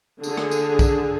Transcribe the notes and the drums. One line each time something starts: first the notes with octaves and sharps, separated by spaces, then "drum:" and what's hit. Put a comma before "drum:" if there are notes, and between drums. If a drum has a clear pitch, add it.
D3 G#4, drum: tambourine
drum: rim click
drum: tambourine
drum: kick B1, tambourine